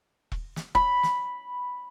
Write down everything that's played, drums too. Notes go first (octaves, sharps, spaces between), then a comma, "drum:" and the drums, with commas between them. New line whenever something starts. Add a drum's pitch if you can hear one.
drum: kick E1
drum: snare
B5, drum: kick E1
drum: snare